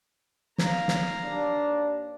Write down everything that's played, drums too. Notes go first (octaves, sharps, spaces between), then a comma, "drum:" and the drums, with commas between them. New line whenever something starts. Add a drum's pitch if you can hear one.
F5 A#5, drum: snare
drum: snare
D#2 D4